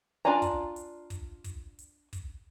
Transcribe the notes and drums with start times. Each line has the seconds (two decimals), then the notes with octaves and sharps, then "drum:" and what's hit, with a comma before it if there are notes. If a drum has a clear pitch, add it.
0.25 D4 F4 D5 G#5 A#5
0.42 drum: kick, hi-hat
0.76 drum: hi-hat
1.10 drum: kick, hi-hat
1.44 drum: kick, hi-hat
1.79 drum: hi-hat
2.13 drum: kick, hi-hat